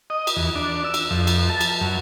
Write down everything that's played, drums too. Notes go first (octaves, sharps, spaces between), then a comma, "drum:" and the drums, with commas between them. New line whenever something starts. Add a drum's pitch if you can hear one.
D#5
drum: cymbal
E2
D4
E6
drum: cymbal
F2
drum: cymbal
A5
drum: cymbal
F#2